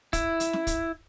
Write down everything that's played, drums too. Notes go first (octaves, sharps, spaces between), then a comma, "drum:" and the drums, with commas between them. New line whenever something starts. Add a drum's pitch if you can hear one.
E4, drum: kick, hi-hat
drum: hi-hat
drum: snare
drum: kick, hi-hat